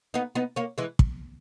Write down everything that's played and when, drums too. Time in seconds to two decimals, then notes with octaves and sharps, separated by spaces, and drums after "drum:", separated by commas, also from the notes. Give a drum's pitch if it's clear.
0.14 B3 D#4
0.35 B3 D#4
0.56 A#3 C#4
0.78 E3 G#3
0.99 drum: kick